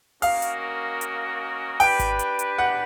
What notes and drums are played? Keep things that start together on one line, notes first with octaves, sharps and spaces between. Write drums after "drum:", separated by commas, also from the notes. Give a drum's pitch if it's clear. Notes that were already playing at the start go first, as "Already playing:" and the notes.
A#3 C#4 F#4 A#4 D#5 F5, drum: open hi-hat
drum: hi-hat
drum: hi-hat
D4 G4 B4 G5, drum: open hi-hat
drum: kick G#1, hi-hat
drum: hi-hat
drum: hi-hat
F#5